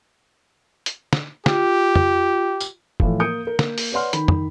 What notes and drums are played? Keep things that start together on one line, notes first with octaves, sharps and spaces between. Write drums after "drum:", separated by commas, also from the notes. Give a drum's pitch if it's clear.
drum: hi-hat
drum: snare
F4 G4, drum: snare
drum: tom
drum: tambourine
A2 E3 F3, drum: kick
A#3 D#6 G6 C#7 D7
A#4
A#3, drum: snare
drum: open hi-hat
B4 C#5 D5 F#5 C6 F6
D#3 B5, drum: hi-hat
drum: tom